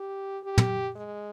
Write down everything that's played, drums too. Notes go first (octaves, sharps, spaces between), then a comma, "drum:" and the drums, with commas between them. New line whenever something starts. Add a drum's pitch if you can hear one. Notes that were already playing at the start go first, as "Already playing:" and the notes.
Already playing: G4
G4
drum: tom
G#3